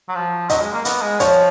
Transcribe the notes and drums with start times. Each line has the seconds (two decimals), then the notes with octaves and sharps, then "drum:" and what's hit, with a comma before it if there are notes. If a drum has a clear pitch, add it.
0.09 F#3
0.15 F3
0.49 F#3 D#5, drum: hi-hat
0.61 G#3
0.73 A#3
0.85 B3, drum: hi-hat
1.02 G#3
1.20 F3 C#5, drum: hi-hat